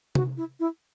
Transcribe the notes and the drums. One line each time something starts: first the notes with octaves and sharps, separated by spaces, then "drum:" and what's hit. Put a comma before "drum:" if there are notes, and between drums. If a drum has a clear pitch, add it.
F#4, drum: tom C3
E4
E4